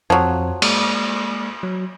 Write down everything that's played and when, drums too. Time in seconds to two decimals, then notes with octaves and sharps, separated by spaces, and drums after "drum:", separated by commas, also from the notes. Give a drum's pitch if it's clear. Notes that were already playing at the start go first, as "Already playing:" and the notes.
0.10 F2 F3 F#3
0.62 G#3 A#3 D5, drum: cymbal
1.63 F#3